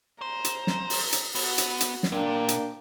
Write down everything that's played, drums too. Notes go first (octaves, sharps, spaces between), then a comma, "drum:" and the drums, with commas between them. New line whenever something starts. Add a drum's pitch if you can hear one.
C5 A#5
drum: hi-hat
drum: snare
drum: open hi-hat
drum: hi-hat
B3 F#4, drum: open hi-hat
drum: hi-hat
drum: hi-hat
drum: snare
A#2 A#3 D4 G5
drum: hi-hat